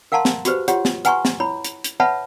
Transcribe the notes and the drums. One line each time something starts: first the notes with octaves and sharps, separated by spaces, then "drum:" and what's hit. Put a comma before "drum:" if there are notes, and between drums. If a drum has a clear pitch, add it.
A#4 F5 F#5 A5 A#5 C6
drum: snare
F#4 G4 B4 C5, drum: hi-hat
F4 G4 C#5 F#5 C6, drum: hi-hat
drum: snare
B4 F#5 G#5 A#5 C6 C#6, drum: hi-hat
drum: snare
E4 C#5 B5
drum: hi-hat
drum: hi-hat
B4 C#5 E5 F#5 A5 B5